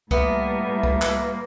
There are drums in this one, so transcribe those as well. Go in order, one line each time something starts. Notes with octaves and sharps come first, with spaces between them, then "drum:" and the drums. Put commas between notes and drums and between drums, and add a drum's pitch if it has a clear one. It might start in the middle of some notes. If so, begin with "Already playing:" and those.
A2 G3 A#3 B3 E5, drum: kick C2
drum: kick C2
drum: clap